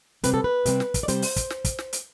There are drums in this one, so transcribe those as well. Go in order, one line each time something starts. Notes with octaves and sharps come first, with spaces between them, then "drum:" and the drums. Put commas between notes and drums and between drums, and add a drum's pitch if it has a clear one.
C3 G3 C4 B4, drum: hi-hat
A4
B4
C3 G3 C4, drum: hi-hat
drum: snare
drum: kick, hi-hat
D5
C3 G3 C4 C5, drum: hi-hat
drum: open hi-hat
drum: kick, hi-hat
drum: snare
drum: kick, hi-hat
drum: snare
drum: hi-hat